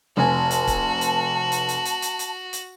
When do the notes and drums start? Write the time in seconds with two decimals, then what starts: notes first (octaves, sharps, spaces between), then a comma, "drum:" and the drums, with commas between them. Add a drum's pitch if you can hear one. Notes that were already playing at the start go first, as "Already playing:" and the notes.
0.17 F1 F#4 G#5 A5
0.51 drum: hi-hat
0.67 drum: kick, hi-hat
1.01 drum: hi-hat
1.52 drum: hi-hat
1.69 drum: hi-hat
1.85 drum: hi-hat
2.02 drum: hi-hat
2.19 drum: hi-hat
2.53 drum: hi-hat